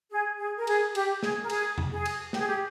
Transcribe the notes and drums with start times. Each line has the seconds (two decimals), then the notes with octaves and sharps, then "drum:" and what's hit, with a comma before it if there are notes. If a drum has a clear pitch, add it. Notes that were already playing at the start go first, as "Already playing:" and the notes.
0.11 G#4
0.38 G#4
0.58 A#4
0.67 G#4, drum: cymbal
0.95 G4, drum: cymbal
1.23 G#4, drum: snare
1.43 A#4
1.50 G#4, drum: cymbal
1.78 drum: tom E2
1.92 G#4
2.05 drum: cymbal
2.33 G4, drum: snare
2.40 G#4
2.48 G4